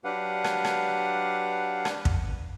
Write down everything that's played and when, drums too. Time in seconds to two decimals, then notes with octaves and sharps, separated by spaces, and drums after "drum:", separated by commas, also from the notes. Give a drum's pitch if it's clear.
0.04 F#3 D4 G4 B4 F5 F#5
0.44 drum: rim click
0.65 drum: rim click
1.85 drum: rim click
2.05 drum: kick